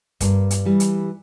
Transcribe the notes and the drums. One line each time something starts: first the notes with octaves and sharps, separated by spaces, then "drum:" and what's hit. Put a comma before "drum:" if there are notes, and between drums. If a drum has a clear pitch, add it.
G2 A#3, drum: kick, hi-hat
drum: hi-hat
E3 G3
drum: hi-hat